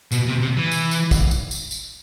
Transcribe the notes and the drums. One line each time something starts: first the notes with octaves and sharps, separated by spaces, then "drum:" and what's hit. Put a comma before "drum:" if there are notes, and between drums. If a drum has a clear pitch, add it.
B2, drum: tambourine
C3
C3
E3
drum: tambourine
drum: tambourine
drum: kick, tambourine
drum: tambourine
drum: tambourine
drum: tambourine